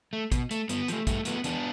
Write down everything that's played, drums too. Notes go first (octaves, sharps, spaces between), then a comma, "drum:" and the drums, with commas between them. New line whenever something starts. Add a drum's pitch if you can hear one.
A3
B2, drum: kick, hi-hat
A3, drum: hi-hat
G2 B3, drum: hi-hat
F3 A3, drum: hi-hat
G2 A3, drum: kick, hi-hat
F3 A3 B3, drum: hi-hat
E2 B3 D4, drum: hi-hat